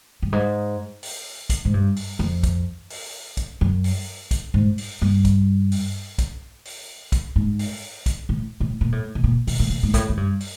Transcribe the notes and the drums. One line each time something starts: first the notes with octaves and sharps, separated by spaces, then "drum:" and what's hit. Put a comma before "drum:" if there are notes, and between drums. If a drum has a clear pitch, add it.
G2
G#2
drum: open hi-hat
drum: kick B1, hi-hat
G#2
G2
drum: open hi-hat
F2
drum: kick B1, hi-hat
drum: open hi-hat
drum: kick B1, hi-hat
F#2
drum: open hi-hat
drum: kick B1, hi-hat
G#2
drum: open hi-hat
G2
drum: kick B1, hi-hat
drum: open hi-hat
drum: kick B1, hi-hat
drum: open hi-hat
drum: kick B1, hi-hat
G#2
drum: open hi-hat
drum: kick B1, hi-hat
A2
A2
A#2
A2
B2
A#2
B2, drum: open hi-hat
A2
A#2
G#2
A2, drum: kick B1, hi-hat
G#2
G2
drum: open hi-hat